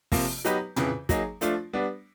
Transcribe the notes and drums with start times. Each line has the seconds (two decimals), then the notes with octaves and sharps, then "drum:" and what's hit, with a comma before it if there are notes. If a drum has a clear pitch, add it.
0.12 C3 F3 A#3, drum: kick, open hi-hat
0.45 F#3 B3 D#4 G4 B4, drum: hi-hat
0.76 F2 C#3 E3, drum: tom
1.09 F#3 A#3 D#4 G#4, drum: kick, hi-hat
1.41 F3 A3 D4 F4, drum: hi-hat
1.73 G3 B3 D4